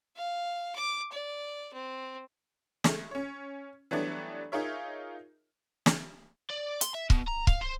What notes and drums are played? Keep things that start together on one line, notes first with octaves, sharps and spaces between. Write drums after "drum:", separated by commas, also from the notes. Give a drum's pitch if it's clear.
F5
D6
D5
C4
G#3 A3, drum: snare
C#4 C#5
E3 F#3 G3 A3 B3 D4
D#4 F4 G#4 A#4 C#5 E5
drum: snare
D5
C6, drum: hi-hat
E5
B2, drum: kick
A#5
F5, drum: kick
C5